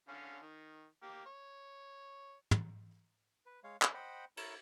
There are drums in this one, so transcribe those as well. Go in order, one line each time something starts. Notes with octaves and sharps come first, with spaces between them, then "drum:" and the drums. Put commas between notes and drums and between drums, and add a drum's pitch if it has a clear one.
D3 C#4 F5
D#3
A#3 G4
C#5
drum: tom
B4
G#3 C#5 F5
E5, drum: clap
C5 D#5 F#5 G5 B5
E4 A#4 C#5 A#5, drum: cymbal